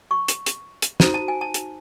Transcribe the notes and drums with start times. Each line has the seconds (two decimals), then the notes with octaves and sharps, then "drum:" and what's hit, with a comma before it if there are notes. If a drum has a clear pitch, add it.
0.11 C#6
0.28 drum: hi-hat
0.46 drum: hi-hat
0.82 drum: hi-hat
1.00 D#4 F#4 A4 C5 A#5, drum: snare
1.14 A5
1.28 G#5
1.41 A5
1.54 drum: hi-hat